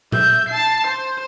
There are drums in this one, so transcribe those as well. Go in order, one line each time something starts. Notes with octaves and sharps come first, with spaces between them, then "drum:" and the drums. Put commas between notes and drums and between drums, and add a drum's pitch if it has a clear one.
E5 G6, drum: tom A#2
A5 C7
C5